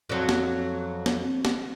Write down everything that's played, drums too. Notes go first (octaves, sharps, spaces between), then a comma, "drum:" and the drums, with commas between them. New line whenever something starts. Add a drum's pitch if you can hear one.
F2 F#3
drum: snare
drum: snare
drum: snare